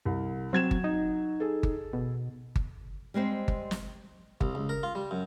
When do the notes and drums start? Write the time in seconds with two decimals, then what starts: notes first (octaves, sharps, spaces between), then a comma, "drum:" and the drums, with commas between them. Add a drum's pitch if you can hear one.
0.05 C2
0.53 F#3 C4 G#6 E7
0.71 drum: kick G1
0.84 D#4
1.40 G#4 A4
1.63 drum: kick G1
1.93 B2
2.56 drum: kick G1
3.14 G3 G#3 C4 C5
3.48 drum: kick G1
3.71 drum: snare
4.41 C2, drum: kick G1
4.55 C#2
4.69 A#4
4.83 F4
4.95 G3
5.11 F#2